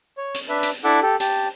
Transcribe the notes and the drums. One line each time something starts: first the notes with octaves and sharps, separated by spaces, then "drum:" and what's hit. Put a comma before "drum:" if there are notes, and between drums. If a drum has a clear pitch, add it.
C#5
drum: hi-hat
D4 B4 E5
drum: hi-hat
D4 E4 A4 E5 F#5 D6
G4 A4
G4 A5, drum: hi-hat